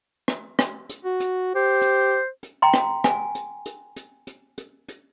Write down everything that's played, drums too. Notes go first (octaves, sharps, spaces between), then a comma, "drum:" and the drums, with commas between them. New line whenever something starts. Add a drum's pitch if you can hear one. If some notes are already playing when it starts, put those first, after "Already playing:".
drum: rim click
drum: rim click
drum: hi-hat
F#4
drum: hi-hat
G4 C5
drum: hi-hat
drum: hi-hat
G5 A#5 C6
drum: rim click
G#5, drum: rim click
drum: hi-hat
drum: hi-hat
drum: hi-hat
drum: hi-hat
drum: hi-hat
drum: hi-hat